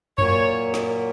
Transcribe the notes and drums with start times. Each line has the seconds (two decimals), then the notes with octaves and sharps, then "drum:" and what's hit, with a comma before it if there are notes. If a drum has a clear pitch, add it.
0.18 A#2 F#3 C#5, drum: tom F2
0.74 drum: snare